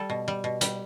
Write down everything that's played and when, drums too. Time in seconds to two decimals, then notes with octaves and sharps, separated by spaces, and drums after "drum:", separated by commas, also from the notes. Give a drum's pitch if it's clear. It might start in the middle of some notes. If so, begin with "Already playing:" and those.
Already playing: G3 A4
0.10 B2
0.28 G3
0.44 B2
0.61 G3, drum: hi-hat